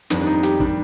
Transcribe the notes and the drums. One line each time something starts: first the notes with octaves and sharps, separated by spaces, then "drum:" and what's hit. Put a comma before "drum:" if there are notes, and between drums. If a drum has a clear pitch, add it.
F2 D#3 G3 D4, drum: snare
D4
D#4
G4, drum: hi-hat
D#3 G3 D4, drum: kick